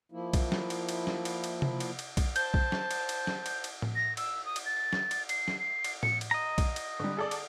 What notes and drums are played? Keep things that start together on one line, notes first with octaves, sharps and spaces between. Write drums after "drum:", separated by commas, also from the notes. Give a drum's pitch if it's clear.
F3 A#3 E4
drum: kick B1, cymbal
drum: snare
drum: cymbal
drum: cymbal
drum: snare
drum: cymbal
drum: cymbal
drum: tom C3
drum: cymbal
drum: cymbal
drum: kick B1, cymbal
C5 A5 G6, drum: cymbal
drum: kick B1
drum: snare
drum: cymbal
drum: cymbal
drum: snare
drum: cymbal
drum: cymbal
drum: tom A2
A#6
E6, drum: cymbal
D#6
drum: cymbal
A6
drum: snare
drum: cymbal
C7, drum: cymbal
drum: snare
C7
drum: cymbal
C#7, drum: tom A2
drum: cymbal
D#5 A#5
drum: kick B1, cymbal
drum: cymbal
D3 G3
G#4 A4 D5
drum: cymbal